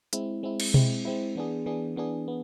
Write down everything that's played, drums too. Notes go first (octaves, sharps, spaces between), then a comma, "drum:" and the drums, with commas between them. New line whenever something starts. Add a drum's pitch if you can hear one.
G#3 C4 E4, drum: hi-hat
G#3 C4 E4
drum: cymbal
G#3 C4 E4, drum: tom B2
G#3 C4 E4
E3 B3 D4 G#4
E3 B3 D4 G#4
E3 B3 D4 G#4
B3